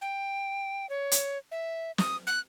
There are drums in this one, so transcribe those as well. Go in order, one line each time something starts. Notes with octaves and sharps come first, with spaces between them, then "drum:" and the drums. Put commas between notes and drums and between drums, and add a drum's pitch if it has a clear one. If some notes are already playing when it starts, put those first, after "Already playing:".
G5
C#5
drum: hi-hat
E5
D#6, drum: snare
F#6